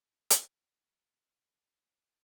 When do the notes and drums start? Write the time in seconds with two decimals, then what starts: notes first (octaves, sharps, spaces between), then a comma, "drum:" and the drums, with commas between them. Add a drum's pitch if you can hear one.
0.31 drum: hi-hat
1.16 F1 B1 A#4